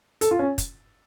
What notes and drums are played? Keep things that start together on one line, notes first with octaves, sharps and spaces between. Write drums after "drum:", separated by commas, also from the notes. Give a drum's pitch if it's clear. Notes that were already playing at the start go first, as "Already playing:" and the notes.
A4, drum: hi-hat
F4
C#4
drum: kick, hi-hat